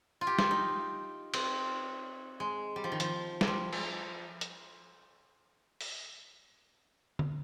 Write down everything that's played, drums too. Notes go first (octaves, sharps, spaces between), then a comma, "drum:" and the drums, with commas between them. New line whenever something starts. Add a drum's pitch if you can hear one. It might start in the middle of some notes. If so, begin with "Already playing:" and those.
F4
G4
F4, drum: snare
D#4
C4, drum: cymbal
G#3
G3
F3
D#3
F3, drum: hi-hat
G3, drum: snare
F3
drum: cymbal
drum: hi-hat
drum: open hi-hat
drum: tom D3